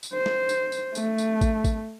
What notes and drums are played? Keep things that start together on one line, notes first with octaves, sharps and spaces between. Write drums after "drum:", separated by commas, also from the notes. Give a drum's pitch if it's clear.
drum: tambourine
C5
drum: snare
drum: tambourine
drum: tambourine
A3, drum: tambourine
drum: tambourine
drum: kick A1, tambourine
drum: kick A1, tambourine